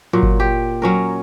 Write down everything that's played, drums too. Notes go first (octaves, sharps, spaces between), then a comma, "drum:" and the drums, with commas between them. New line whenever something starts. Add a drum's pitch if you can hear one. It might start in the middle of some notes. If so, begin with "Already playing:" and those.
A#2 F#3
drum: kick G1
G4
F#3 C#4 A#4